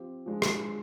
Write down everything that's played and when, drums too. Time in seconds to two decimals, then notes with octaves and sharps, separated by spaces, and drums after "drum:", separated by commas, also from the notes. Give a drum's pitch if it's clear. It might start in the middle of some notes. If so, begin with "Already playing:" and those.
Already playing: F3 C4 G4
0.26 F3 G#3 D4
0.42 drum: rim click